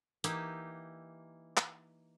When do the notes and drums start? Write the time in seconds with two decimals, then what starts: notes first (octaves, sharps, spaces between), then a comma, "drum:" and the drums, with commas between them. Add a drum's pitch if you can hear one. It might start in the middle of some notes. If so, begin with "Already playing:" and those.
0.24 E3 A#3 D#4 E4 G4, drum: hi-hat
1.57 drum: clap